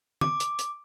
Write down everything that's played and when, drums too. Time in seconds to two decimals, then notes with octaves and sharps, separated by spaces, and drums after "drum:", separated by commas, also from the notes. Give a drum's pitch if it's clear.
0.21 D6, drum: tom
0.40 drum: hi-hat
0.59 drum: hi-hat